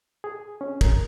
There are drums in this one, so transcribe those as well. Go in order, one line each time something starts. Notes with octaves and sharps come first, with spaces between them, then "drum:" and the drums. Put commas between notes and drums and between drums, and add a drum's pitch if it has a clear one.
G#4
C#4
A#4, drum: kick, cymbal